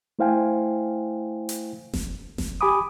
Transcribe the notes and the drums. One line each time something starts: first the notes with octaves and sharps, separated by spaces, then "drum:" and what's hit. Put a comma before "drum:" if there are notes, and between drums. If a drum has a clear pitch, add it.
A3 E4 C5 F5 G5 G#5
drum: hi-hat
drum: snare F1
drum: snare F1
G4 G#5 B5 D6 D#6